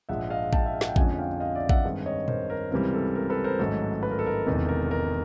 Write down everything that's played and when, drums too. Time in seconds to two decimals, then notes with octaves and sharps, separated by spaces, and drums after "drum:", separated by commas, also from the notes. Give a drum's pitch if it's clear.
0.09 A#1 G#2 F3 G#3 E5 F#5
0.30 D#5 F5
0.53 G5 A5, drum: kick A1
0.66 E5
0.74 F5
0.81 F#5, drum: snare
0.89 G5
0.96 F2 D3 F3 G#3 C#4 F#5 G#5, drum: kick A1
1.18 F5 G5
1.40 D#5 F5
1.55 D5 E5
1.69 E5 F#5, drum: kick A1
1.84 G2 D#3 G#3 C4
2.06 C#5 D#5
2.28 A#4 C5, drum: tom A#2
2.50 A#4
2.71 C#2 C3 E3 G3 C4 A#4
2.94 A4
3.15 A#4
3.30 A4 B4
3.44 A#4 C5
3.59 A1 G#2 D#3 F#3 A4
4.03 B4
4.11 A#4
4.19 A4
4.26 A#4
4.47 E1 E2 C3 D#3 A4
4.69 A#4
4.91 A#4